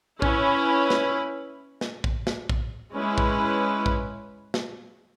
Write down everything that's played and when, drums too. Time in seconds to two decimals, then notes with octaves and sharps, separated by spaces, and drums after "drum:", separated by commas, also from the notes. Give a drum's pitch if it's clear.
0.22 C#4 E4 B4, drum: kick
0.90 drum: snare
1.81 drum: snare
2.04 drum: kick
2.27 drum: snare
2.49 drum: kick
2.95 G#3 C#4 E4 B4
3.18 drum: kick
3.86 drum: kick
4.54 drum: snare